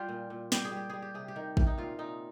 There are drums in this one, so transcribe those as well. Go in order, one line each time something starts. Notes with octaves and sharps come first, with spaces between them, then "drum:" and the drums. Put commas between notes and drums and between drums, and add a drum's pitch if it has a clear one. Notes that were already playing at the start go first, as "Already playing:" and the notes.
Already playing: G3 F4 G4
A#2
A#2
G3 G4, drum: snare
G#4
G3 G4
G3 G#4
G4
C3 G#4
G4
D#3
C3, drum: kick
D#4
A#2 F4
A#2 D#4